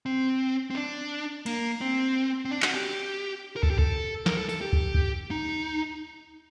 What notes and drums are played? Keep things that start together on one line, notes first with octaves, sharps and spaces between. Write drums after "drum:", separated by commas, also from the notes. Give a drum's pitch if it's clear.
C4
C4
D4
A#3, drum: cymbal
C4
C4
D4
F#4, drum: clap
G4
A#4
A4, drum: kick
G4
A4, drum: kick
A#4, drum: snare
A4
A4, drum: tambourine
G4
drum: kick
drum: kick
D#4